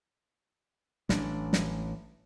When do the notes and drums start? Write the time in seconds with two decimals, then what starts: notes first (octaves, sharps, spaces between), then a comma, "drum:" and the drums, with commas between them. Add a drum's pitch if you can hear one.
1.09 A1 E3 C#4 D4, drum: snare
1.53 drum: snare